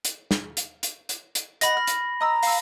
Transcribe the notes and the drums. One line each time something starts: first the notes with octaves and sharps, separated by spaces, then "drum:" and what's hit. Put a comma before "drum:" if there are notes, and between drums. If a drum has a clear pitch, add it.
drum: hi-hat
drum: snare
drum: hi-hat
drum: hi-hat
drum: hi-hat
drum: hi-hat
D#5 F#5 B5 A#6, drum: hi-hat
F6
drum: hi-hat
D#5 A#5 D#6 E6
F5 E6, drum: open hi-hat